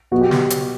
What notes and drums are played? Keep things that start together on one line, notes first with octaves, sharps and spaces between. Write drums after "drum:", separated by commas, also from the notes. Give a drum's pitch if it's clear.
B2 F#3 B3 F#4
G4
drum: snare
drum: hi-hat